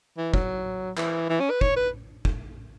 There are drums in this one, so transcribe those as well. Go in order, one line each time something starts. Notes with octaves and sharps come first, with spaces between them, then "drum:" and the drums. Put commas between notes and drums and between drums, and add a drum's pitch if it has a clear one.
E3
F#3, drum: kick
E3, drum: clap
E3
C#4
B4
C#5, drum: kick
B4
drum: kick